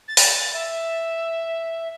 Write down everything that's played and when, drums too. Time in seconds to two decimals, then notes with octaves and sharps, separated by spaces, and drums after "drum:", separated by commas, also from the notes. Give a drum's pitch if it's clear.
0.08 A6
0.17 drum: open hi-hat
0.53 E5